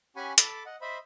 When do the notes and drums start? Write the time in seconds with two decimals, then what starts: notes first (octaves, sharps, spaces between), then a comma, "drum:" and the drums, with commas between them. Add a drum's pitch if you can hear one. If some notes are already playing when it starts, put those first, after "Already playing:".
0.16 C#4 G4 F#5 G#5 B5 C#6
0.38 A4 A5 B5 D6, drum: hi-hat
0.66 D#5 F#5
0.81 C5 D#5 E5 B5